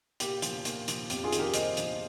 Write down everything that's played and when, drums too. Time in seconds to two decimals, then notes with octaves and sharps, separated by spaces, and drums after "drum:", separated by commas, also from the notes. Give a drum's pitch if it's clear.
0.20 A#2 G4, drum: hi-hat
0.42 F3, drum: hi-hat
0.65 A#2, drum: hi-hat
0.88 F3, drum: hi-hat
1.10 F2 G4, drum: hi-hat
1.24 F4 G#4
1.33 D#3, drum: hi-hat
1.39 G4 A#4
1.54 A#2 C5 D#5, drum: hi-hat
1.77 F3, drum: hi-hat